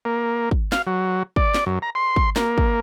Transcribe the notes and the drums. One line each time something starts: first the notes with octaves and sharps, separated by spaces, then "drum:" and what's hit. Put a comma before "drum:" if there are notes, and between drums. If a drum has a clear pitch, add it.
A#3
drum: kick
F5, drum: snare
F#3
D5, drum: kick
drum: snare
F#2
A#5
C6
drum: kick
A#3, drum: snare
drum: kick